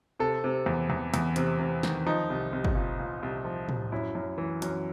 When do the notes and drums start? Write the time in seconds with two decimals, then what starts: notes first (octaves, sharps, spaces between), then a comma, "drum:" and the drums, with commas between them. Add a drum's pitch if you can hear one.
0.20 C3 A4
0.44 C3
0.66 E2
0.90 E2
1.14 E2, drum: hi-hat
1.36 C3, drum: hi-hat
1.59 C3
1.83 D#3, drum: snare
2.06 F3 D#4
2.30 C2
2.53 C2
2.64 drum: kick
2.75 A#2
2.99 A#2
3.23 C2
3.45 F3
3.69 C2, drum: tom A2
3.92 F#2 E4
4.15 F#2
4.38 E3
4.62 F#2, drum: hi-hat